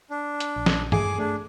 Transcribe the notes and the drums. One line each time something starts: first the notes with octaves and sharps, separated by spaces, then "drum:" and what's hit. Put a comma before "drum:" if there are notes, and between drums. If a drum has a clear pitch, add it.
D4
drum: hi-hat
A#1
drum: snare
G#4 D6, drum: tom G2
A3 D4